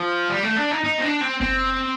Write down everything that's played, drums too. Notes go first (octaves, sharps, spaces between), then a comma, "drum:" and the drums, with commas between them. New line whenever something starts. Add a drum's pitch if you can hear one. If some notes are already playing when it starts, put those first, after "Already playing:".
Already playing: F3
G3
A3
D4
D#4
D#4
C4
D4
C4
C4, drum: kick F#1